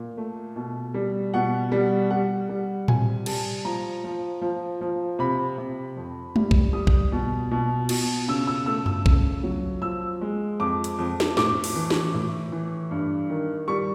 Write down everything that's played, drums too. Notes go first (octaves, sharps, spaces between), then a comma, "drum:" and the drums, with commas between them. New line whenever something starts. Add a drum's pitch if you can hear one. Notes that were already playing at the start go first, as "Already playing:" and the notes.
Already playing: A#2
A3
B2
G3
B2 F#5
G3
G3 F#5
G3
C3 G#5, drum: tom A2
G3 A5, drum: cymbal
F3 A#5
F3
F3
F3
C3 B5
C3
F2
G3, drum: tom G#3
drum: kick
G3 D#6
drum: kick
B2
B2
B2, drum: cymbal
C#3 E6
E6
A3 E6
E6, drum: tom F#2
C#3, drum: kick
F#3
F3 E6
G#3
F2 D6
drum: hi-hat
F2
drum: snare
A2 D6, drum: snare
drum: open hi-hat
E3
drum: snare
A2
E3
G2
D#3
G3 C#6